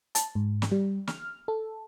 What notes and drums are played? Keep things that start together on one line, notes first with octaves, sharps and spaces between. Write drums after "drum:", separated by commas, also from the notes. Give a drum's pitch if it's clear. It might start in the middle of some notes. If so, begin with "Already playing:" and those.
A5, drum: hi-hat
G#2
drum: snare
G3
F6, drum: snare
A4